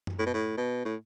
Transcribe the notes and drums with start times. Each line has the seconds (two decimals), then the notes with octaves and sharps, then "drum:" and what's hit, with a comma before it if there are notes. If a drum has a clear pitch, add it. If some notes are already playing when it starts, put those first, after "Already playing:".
0.07 drum: tom F#2
0.19 A2
0.26 B2
0.34 A2
0.57 B2
0.85 A2